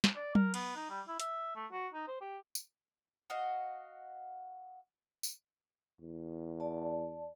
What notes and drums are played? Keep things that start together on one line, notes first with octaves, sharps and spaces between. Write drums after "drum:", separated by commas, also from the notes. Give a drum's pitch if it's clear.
drum: snare
D5
A#4, drum: tom F#3
B3, drum: cymbal
D#4
G3
E4
E5, drum: hi-hat
A3
F#4
D#4
C5
G4
drum: tambourine
F#4 D#5 F5 F#5
drum: tambourine
E2
D5 A5